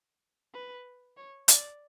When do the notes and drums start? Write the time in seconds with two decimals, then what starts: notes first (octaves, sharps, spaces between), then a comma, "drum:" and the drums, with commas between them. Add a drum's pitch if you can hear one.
0.54 B4
1.17 C#5
1.48 D5, drum: hi-hat